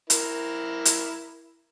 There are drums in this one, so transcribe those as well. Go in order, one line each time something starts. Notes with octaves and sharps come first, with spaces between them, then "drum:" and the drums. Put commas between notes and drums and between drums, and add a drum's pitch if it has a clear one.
E4 A#4, drum: hi-hat
drum: hi-hat